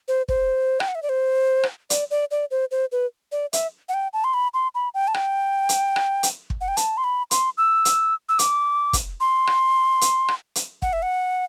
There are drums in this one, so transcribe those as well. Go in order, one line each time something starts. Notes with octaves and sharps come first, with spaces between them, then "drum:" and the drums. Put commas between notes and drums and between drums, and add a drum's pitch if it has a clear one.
C5
C5, drum: kick
G5, drum: rim click
F#5
E5
D5
C5
drum: rim click
D5, drum: hi-hat
D5
D5
C5
C5
B4
D5
E5, drum: hi-hat
F#5
G5
A5
C6
B5
C6
B5
G5
A5
G5, drum: rim click
drum: hi-hat
drum: rim click
drum: hi-hat
drum: kick
F#5
G5
A5, drum: hi-hat
C6
B5
C6, drum: hi-hat
E6
drum: hi-hat
E6
D6, drum: hi-hat
drum: kick, hi-hat
C6
drum: rim click
drum: hi-hat
drum: rim click
drum: hi-hat
F#5, drum: kick
E5
F#5